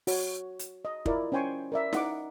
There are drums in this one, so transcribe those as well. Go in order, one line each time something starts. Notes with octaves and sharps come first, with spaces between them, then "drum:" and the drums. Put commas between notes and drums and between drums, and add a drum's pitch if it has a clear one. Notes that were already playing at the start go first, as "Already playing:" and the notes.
F#4 C#5, drum: open hi-hat
drum: hi-hat
D#5
E4 F4 A#4 D5, drum: kick
C#4 C5 G5 G#5 C6 C#6
A#4 D5 E5
D#4 F#5 D6, drum: snare E4